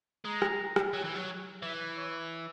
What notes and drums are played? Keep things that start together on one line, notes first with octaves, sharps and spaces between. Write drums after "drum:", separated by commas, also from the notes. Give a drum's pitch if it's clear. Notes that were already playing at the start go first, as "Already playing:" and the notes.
G#3 A#5
drum: rim click
drum: rim click
F#3
E3
F#3
E3 E5
C#5